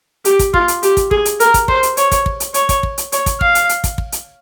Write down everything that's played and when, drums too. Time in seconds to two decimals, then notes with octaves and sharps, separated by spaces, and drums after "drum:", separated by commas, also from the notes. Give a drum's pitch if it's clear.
0.25 G4, drum: hi-hat
0.39 drum: kick, hi-hat
0.54 F4, drum: kick
0.68 drum: hi-hat
0.83 G4, drum: hi-hat
0.97 drum: kick, hi-hat
1.11 G#4, drum: kick
1.25 drum: hi-hat
1.40 A#4, drum: hi-hat
1.54 drum: kick, hi-hat
1.68 C5, drum: kick
1.83 drum: hi-hat
1.97 C#5, drum: hi-hat
2.12 drum: kick, hi-hat
2.26 drum: kick
2.40 drum: hi-hat
2.54 C#5, drum: hi-hat
2.69 drum: kick, hi-hat
2.83 drum: kick
2.98 drum: hi-hat
3.12 C#5, drum: hi-hat
3.26 drum: kick, hi-hat
3.41 F5, drum: kick
3.55 drum: hi-hat
3.69 drum: hi-hat
3.84 drum: kick, hi-hat
3.98 drum: kick
4.12 drum: hi-hat